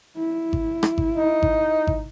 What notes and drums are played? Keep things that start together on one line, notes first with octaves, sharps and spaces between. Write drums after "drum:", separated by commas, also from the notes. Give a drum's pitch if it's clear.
E4
drum: kick G#1
drum: rim click
drum: kick G#1
D#4
drum: kick G#1
drum: kick G#1